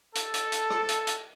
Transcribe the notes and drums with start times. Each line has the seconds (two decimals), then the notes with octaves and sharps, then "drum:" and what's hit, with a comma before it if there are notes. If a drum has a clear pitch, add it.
0.15 A4, drum: hi-hat
0.34 drum: hi-hat
0.52 drum: hi-hat
0.70 drum: rim click
0.89 drum: hi-hat
1.07 drum: hi-hat